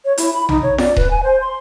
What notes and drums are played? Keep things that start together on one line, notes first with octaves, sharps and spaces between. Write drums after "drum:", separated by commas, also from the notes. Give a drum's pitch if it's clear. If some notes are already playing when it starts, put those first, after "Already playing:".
C#5
E4, drum: hi-hat
B5
D#4, drum: tom A#1
C#5
D5, drum: snare F4
B4, drum: kick D#1
G#5
C5
C6